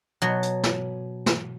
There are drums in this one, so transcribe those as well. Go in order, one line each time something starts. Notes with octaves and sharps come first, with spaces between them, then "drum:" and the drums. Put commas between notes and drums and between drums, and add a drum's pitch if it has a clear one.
B2 F#3
drum: hi-hat
drum: snare
drum: snare